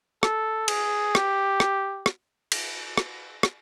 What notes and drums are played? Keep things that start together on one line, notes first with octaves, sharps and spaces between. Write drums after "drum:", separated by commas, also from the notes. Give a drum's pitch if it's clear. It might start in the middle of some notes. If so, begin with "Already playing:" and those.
A4, drum: rim click
G#4, drum: cymbal
G4, drum: rim click
drum: rim click
drum: rim click
drum: cymbal
drum: rim click
drum: rim click